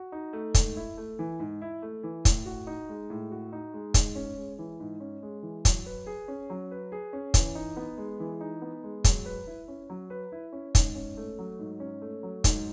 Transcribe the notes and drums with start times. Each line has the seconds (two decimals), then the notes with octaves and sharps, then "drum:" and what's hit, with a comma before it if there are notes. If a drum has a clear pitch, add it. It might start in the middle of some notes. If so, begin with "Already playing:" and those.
Already playing: F#4
0.12 D#4
0.33 A3
0.54 G#2, drum: kick, hi-hat
0.76 E4
0.97 A3
1.19 E3
1.40 G#2
1.62 E4
1.82 A3
2.03 E3
2.25 A2, drum: kick, hi-hat
2.46 F#4
2.67 D#4
2.89 G#3
3.10 A2
3.31 F#4
3.53 D#4
3.74 G#3
3.94 G#2, drum: kick, hi-hat
4.15 C#4
4.37 G#3
4.58 E3
4.80 G#2
5.00 C#4
5.23 G#3
5.43 E3
5.65 F#3, drum: kick, hi-hat
5.86 B4
6.06 G#4
6.28 C#4
6.50 F#3
6.71 B4
6.92 G#4
7.13 C#4
7.34 E3, drum: kick, hi-hat
7.55 D#4
7.77 B3
7.98 G#3
8.20 E3
8.41 D#4
8.62 B3
8.84 G#3
9.04 F#3, drum: kick, hi-hat
9.26 B4
9.47 E4
9.68 C#4
9.90 F#3
10.10 B4
10.32 E4
10.52 C#4
10.75 G#2, drum: kick, hi-hat
10.95 C#4
11.17 A3
11.39 F#3
11.59 G#2
11.80 C#4
12.02 A3
12.23 F#3
12.44 G#2, drum: kick, hi-hat